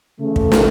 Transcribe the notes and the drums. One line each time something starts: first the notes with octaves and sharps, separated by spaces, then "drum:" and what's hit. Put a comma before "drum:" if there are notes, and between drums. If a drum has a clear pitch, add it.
C#3 E3 A3
drum: kick
drum: snare